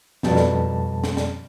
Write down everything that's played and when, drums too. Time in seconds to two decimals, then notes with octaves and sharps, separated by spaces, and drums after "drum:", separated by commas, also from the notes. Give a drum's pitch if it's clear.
0.23 F2 B2 G3 A5, drum: snare
0.37 drum: snare
1.04 drum: snare
1.17 drum: snare